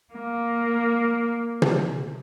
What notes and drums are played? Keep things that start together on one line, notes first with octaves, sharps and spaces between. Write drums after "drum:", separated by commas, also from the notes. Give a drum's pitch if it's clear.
A#3
drum: tom